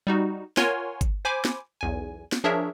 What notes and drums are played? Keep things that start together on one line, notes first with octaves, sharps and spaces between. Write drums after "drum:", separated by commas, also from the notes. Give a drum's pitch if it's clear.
G3 D#4 F#4
F4 A#4 C#5 F#5 G#5 C6, drum: snare
drum: kick G1, hi-hat
C5 G#5 B5 D6
drum: snare
B1 E2 G#5
drum: snare
F3 D4 G#4 A#4 C#5 E5